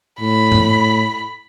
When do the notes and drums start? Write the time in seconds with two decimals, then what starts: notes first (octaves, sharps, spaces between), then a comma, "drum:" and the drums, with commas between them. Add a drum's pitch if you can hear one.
0.21 A2 B5
0.52 drum: tom G#2